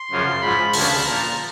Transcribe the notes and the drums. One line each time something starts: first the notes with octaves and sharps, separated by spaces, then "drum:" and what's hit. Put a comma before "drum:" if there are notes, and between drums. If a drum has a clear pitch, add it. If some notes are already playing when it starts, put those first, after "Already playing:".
Already playing: C6
F#2 C#3 F3
G#2 F3 B5
D2 C#3 F3 A5, drum: open hi-hat
A#2 F3 A#5